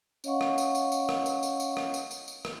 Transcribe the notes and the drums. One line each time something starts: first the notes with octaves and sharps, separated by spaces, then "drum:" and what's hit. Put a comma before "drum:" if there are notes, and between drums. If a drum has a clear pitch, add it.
C#4 C#5 D#5 F5 F#5 C#6, drum: tambourine
drum: rim click
drum: tambourine
drum: tambourine
drum: tambourine
drum: rim click
drum: tambourine
drum: tambourine
drum: tambourine
drum: rim click
drum: tambourine
drum: tambourine
drum: tambourine
drum: rim click